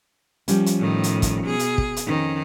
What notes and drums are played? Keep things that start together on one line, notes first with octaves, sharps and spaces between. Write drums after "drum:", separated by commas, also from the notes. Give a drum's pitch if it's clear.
F3 G3 C#4, drum: hi-hat
drum: hi-hat
A2 D#3
drum: hi-hat
drum: kick, hi-hat
B2 G#4
drum: hi-hat
drum: kick
drum: hi-hat
F2 D#3 C#4 D#4